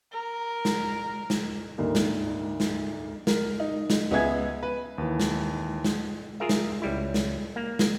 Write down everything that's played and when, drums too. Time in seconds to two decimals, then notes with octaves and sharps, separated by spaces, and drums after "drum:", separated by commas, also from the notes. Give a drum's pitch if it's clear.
0.12 A#4
0.65 drum: snare
1.30 drum: snare
1.78 D2 G#2 G3 A#3
1.95 drum: snare
2.60 drum: snare
3.27 A#4, drum: snare
3.60 D#4
3.90 drum: snare
4.11 C#2 B3 D#5 E5 G#5 G#6
4.63 B4
4.98 D#2 E3
5.20 drum: snare
5.84 drum: snare
6.40 F4 G#4 A#4 E5
6.49 drum: snare
6.82 C#2 G3 E4
7.14 drum: snare
7.56 A#3
7.79 drum: snare